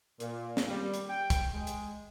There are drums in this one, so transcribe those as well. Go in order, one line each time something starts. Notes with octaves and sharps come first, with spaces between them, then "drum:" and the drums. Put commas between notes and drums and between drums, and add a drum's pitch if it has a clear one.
A#2, drum: hi-hat
drum: snare
G3
drum: hi-hat
G5
drum: kick, hi-hat
G#3
drum: hi-hat